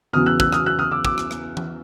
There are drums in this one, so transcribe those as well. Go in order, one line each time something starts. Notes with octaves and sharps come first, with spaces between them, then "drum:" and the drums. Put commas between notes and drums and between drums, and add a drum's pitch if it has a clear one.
E2 C#3 F#3 B3 D#6 F6
E6 F#6
E6 F#6, drum: kick
D#6 F6, drum: rim click
E6 F#6
D#6 F6
D6 E6
D6 E6, drum: kick
drum: rim click
drum: rim click
drum: tom E3